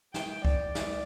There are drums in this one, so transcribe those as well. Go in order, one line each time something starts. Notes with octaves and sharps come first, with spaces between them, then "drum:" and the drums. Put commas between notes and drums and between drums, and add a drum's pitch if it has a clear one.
G5, drum: snare
D5, drum: kick C#2
drum: snare